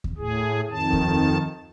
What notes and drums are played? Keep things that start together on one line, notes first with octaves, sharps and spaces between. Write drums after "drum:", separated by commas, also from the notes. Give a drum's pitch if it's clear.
drum: kick D#2
A2 G#4
F2 D#3 A5
drum: kick D#2